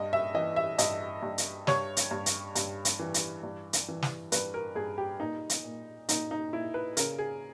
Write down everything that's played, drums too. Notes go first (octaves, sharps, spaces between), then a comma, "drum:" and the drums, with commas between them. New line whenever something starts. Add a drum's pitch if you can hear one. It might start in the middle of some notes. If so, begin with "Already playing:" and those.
Already playing: G2 D#5
E5
E3 D#5
E5
G2 D#5, drum: hi-hat
G2
drum: hi-hat
G2 C#5, drum: snare
drum: hi-hat
G2
drum: hi-hat
G2, drum: hi-hat
drum: hi-hat
E3
drum: hi-hat
G2
drum: hi-hat
E3
drum: snare
G2 B4, drum: hi-hat
A#4
G2 G#4
G4
A#2 D#4
drum: hi-hat
A#2
A#2 D#4, drum: hi-hat
D#4
A#2 E4
B4
C#3 A#4, drum: hi-hat
G#4